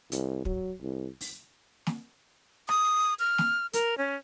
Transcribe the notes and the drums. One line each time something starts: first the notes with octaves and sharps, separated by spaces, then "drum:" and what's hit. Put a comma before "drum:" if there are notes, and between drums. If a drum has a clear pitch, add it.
C2, drum: hi-hat
F#3, drum: kick
C2
drum: open hi-hat
drum: snare
D#6, drum: rim click
F6
drum: snare
A#4, drum: hi-hat
C#4